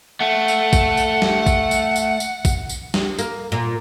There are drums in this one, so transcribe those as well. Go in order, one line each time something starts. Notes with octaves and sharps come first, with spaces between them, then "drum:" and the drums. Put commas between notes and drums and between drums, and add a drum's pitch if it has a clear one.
A3 F#5
drum: tambourine
drum: kick A1, tambourine
drum: tambourine
drum: snare
drum: kick A1, tambourine
drum: tambourine
drum: tambourine
drum: tambourine
drum: kick A1, tambourine
drum: tambourine
drum: snare
A#3, drum: tambourine
A#2